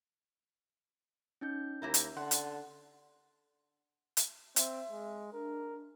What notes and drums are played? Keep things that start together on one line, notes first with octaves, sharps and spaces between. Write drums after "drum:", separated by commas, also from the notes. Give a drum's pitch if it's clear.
C#4 D#4 G6
D#2 A#3 E4 A#4
drum: hi-hat
D3 F#5 C6
drum: hi-hat
drum: hi-hat
C4 E5, drum: hi-hat
G#3
D4 A#4